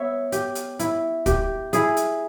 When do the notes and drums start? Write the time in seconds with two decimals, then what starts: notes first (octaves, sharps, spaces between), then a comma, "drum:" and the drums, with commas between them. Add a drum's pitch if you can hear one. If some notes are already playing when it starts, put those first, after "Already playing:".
Already playing: B3 C#5 E5
0.32 G4, drum: hi-hat
0.55 drum: hi-hat
0.79 E4, drum: hi-hat
1.26 G4, drum: kick, hi-hat
1.73 E4 G#4, drum: hi-hat
1.97 drum: hi-hat